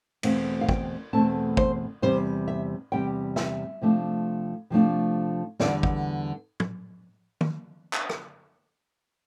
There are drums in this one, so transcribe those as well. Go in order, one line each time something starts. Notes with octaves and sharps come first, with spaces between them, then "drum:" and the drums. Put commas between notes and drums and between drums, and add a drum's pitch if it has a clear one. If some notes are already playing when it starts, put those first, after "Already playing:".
E2 B2 A3 C4 F5, drum: cymbal
F5
G5, drum: kick
E2 B2 A3 C4 A5
C5, drum: kick
E2 C3 G3 C5
E5
E2 C3 G3 G5
E5, drum: snare
C3 F3 A3 D4
C3 F3 A3 D4
E2 D3 G3 B3 D5, drum: snare
drum: kick
drum: tom
drum: tom D#3
drum: clap
drum: rim click